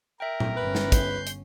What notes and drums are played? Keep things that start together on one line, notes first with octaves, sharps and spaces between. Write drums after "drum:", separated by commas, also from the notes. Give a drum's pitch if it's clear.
A#4 E5 G5
drum: tom A#2
G1 C#4 B4
drum: snare
C6 G6, drum: kick, hi-hat
drum: hi-hat